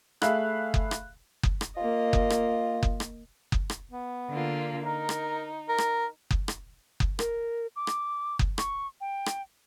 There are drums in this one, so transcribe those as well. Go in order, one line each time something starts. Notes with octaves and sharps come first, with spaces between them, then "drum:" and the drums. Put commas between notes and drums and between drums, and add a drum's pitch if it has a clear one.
A3 G#4 E5 F5 B5 F#6, drum: rim click
drum: kick F#1
drum: rim click
drum: kick F#1
drum: rim click
A#3 F4 D#5
drum: kick F#1
drum: rim click
drum: kick F#1
drum: rim click
drum: kick F#1
drum: rim click
B3
D3 A#3 F4
D#4 A#4
drum: rim click
A#4
drum: rim click
drum: kick F#1
drum: rim click
drum: kick F#1
A#4, drum: rim click
D6
drum: rim click
drum: kick F#1
C#6, drum: rim click
G5
drum: rim click